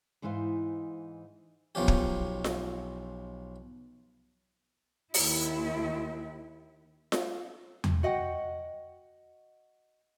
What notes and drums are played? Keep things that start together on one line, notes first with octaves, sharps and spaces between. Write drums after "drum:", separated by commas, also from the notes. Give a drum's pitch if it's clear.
G#2 E3 D#4 C5 F5
B1 F3 C#4 G4
drum: kick
drum: snare F4
D#2 E4, drum: open hi-hat
drum: snare F4
drum: tom E2
F#4 D#5 F#5 G5